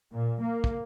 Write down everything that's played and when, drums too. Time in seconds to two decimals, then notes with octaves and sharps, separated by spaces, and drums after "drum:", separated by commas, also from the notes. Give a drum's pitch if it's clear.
0.13 A#2
0.43 A#3
0.64 drum: kick